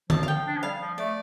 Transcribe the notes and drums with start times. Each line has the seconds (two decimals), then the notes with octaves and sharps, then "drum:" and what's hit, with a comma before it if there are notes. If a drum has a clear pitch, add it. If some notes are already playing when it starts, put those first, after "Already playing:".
0.10 F3 A5, drum: tom D3
0.23 F5
0.28 F3 G5
0.46 D4
0.58 F3
0.63 G3 F5
0.80 F3
0.98 A3 D5